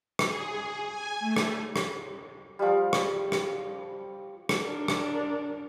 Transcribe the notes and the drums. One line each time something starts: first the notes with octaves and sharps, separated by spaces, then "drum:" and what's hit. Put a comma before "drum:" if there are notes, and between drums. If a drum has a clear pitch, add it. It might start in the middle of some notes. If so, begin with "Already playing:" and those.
G#4, drum: rim click
G#5
A3
drum: rim click
drum: rim click
F3 G3
drum: rim click
drum: rim click
drum: rim click
D4 A#4
drum: rim click